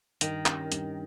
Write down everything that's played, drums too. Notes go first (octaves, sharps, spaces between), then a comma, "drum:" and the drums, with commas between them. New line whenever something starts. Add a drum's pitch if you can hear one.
G2 D#3, drum: hi-hat
G3 C#4, drum: clap
G2, drum: hi-hat